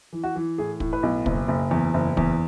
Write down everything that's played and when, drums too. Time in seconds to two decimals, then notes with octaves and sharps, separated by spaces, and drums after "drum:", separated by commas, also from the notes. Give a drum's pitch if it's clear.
0.13 E3
0.24 F#4
0.36 E3
0.58 A2 G#4
0.80 A2, drum: kick
0.93 B4
1.03 B1
1.26 F#1, drum: kick
1.48 F#1
1.71 E2
1.94 F#1
2.17 E2, drum: kick